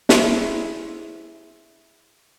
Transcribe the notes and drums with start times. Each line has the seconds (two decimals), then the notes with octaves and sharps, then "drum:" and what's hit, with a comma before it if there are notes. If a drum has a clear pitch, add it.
0.09 E4 G#4 C5, drum: snare